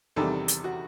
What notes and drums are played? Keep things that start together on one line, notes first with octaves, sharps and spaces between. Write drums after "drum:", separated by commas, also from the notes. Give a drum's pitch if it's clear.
E2 C3 D#3 G3 A4
drum: hi-hat
F#4